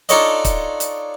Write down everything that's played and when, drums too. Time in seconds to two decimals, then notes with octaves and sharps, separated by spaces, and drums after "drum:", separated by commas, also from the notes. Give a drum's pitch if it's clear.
0.09 D4 D#4 F4 A4 C#5 D#5, drum: hi-hat
0.45 drum: kick, hi-hat
0.80 drum: hi-hat